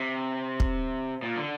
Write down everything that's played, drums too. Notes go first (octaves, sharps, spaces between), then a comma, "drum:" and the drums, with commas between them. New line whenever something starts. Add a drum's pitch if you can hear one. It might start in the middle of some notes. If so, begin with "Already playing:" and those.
Already playing: C3
drum: kick
A#2
D3